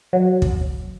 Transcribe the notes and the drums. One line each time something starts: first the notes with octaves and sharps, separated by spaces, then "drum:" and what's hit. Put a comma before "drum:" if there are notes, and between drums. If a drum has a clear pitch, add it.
F#3
drum: kick